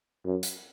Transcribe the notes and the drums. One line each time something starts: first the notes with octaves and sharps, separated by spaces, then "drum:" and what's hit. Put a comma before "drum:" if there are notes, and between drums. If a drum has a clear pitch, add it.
F#2
drum: hi-hat